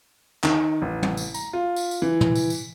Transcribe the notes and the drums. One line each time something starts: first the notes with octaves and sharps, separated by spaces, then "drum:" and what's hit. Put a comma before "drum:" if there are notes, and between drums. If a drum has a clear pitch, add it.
D#3, drum: clap
A1
drum: tom
drum: tambourine
A#5, drum: tambourine
F4
drum: tambourine
drum: tambourine
E3
drum: tom
drum: tambourine
drum: tambourine